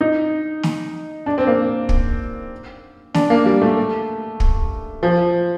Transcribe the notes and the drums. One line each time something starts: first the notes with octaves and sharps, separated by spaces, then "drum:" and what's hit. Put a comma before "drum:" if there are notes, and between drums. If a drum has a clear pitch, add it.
D#4
drum: snare
D4
C4
A#3
drum: kick
D4, drum: snare
A#3
G3
A3
drum: kick
F3